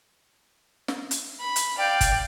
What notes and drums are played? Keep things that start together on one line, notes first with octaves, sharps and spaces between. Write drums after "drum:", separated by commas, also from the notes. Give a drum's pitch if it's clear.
drum: snare
drum: hi-hat
B5
drum: hi-hat
D5 F5 G5
drum: kick G1, hi-hat